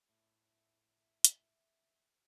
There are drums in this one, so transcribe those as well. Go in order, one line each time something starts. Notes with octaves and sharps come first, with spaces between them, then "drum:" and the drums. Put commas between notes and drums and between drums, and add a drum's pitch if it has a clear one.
A2 E5
drum: hi-hat